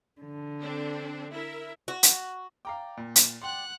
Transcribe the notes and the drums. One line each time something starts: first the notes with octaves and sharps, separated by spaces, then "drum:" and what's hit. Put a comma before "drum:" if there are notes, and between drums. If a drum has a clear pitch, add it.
D3
C4 D4 A4
E4 A#4 E5
F#4
drum: hi-hat
D5 F5 G5 A#5 D6
A#2
drum: hi-hat
D5 F#5 G5 C6 F#6